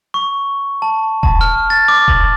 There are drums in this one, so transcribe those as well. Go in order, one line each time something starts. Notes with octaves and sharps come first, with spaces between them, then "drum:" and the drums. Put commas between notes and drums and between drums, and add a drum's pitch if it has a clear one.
C#6
A5
A5, drum: kick E1
F6
A6
D6
drum: kick E1